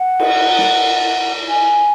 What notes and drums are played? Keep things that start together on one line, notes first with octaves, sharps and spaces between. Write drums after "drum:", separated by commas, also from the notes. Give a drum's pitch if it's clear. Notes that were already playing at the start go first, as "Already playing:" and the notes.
Already playing: F#5
drum: cymbal
drum: snare
G#5